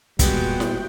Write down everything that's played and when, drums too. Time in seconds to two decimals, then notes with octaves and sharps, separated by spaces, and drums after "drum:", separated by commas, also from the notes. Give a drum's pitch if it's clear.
0.19 A#2 G3 G#3 B3 F#4 G5, drum: kick, hi-hat
0.60 drum: snare E4